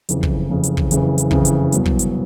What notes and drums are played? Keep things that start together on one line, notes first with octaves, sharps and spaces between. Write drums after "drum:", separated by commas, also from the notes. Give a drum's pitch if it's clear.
F#1 F2 C#3 E3, drum: hi-hat
drum: kick
F#1 F2 C#3 E3
drum: hi-hat
drum: kick
F#1 F2 C#3 E3, drum: hi-hat
drum: hi-hat
F#1 F2 C#3 E3, drum: kick
drum: hi-hat
C2 B2 F#3 B3, drum: hi-hat
drum: kick
drum: hi-hat